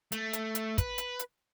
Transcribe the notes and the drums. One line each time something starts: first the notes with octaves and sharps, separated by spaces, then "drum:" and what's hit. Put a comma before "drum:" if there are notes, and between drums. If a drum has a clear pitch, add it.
A3, drum: hi-hat
drum: hi-hat
drum: hi-hat
B4, drum: kick, hi-hat
drum: hi-hat
drum: hi-hat